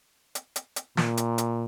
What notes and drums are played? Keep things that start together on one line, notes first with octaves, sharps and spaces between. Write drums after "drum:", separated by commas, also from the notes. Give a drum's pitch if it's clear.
drum: hi-hat
drum: hi-hat
drum: hi-hat
A#2, drum: snare
drum: hi-hat
drum: hi-hat